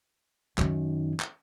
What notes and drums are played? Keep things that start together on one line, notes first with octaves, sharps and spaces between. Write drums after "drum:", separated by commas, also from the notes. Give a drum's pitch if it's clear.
F#2 D#3, drum: clap
drum: clap